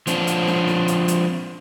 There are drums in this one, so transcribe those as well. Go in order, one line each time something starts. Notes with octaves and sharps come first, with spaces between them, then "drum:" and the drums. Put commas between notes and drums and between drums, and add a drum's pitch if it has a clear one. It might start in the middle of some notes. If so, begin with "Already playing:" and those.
F3 C4 D4, drum: hi-hat
drum: hi-hat
drum: snare
drum: snare
drum: hi-hat
drum: hi-hat